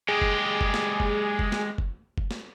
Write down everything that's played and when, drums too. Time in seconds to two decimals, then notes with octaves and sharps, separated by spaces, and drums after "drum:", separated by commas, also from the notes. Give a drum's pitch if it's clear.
0.08 G#3 G4 G#4
0.22 drum: kick F#1
0.61 drum: kick F#1
0.74 drum: snare
1.00 drum: kick F#1
1.39 drum: kick F#1
1.52 drum: snare
1.78 drum: kick F#1
2.18 drum: kick F#1
2.31 drum: snare